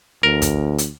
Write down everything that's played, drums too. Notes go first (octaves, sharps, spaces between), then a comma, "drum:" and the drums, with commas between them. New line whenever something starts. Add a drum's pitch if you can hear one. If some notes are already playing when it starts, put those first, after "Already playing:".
D2 A#4
drum: kick, hi-hat
drum: hi-hat